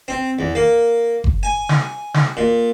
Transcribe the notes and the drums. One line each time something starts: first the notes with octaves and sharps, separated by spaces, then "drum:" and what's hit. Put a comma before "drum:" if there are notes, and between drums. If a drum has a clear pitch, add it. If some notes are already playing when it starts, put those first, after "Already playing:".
C4
E2
A#3
drum: kick F#1
G#5
drum: snare
drum: snare
A#2